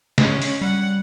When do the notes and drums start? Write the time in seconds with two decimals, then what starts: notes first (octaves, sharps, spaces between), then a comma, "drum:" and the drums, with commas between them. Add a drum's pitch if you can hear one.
0.18 G#3 C#4, drum: snare
0.42 drum: open hi-hat
0.61 G3 F#5